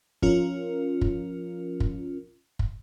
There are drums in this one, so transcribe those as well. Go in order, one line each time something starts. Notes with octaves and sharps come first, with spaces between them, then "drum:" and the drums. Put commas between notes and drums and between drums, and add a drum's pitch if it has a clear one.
F3 C#4 F4 A#4, drum: kick F#1
drum: kick F#1
drum: kick F#1
drum: kick F#1